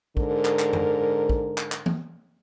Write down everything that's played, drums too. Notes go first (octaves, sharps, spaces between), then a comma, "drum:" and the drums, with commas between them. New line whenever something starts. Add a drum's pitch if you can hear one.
G#2 D3 A#4, drum: kick
drum: clap
drum: clap
drum: tom
drum: kick
drum: clap
drum: clap
drum: tom E3